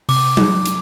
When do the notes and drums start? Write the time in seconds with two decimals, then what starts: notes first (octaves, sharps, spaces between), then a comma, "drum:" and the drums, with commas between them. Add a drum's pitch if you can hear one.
0.09 C3 D6, drum: open hi-hat
0.37 drum: tom F#3
0.66 drum: hi-hat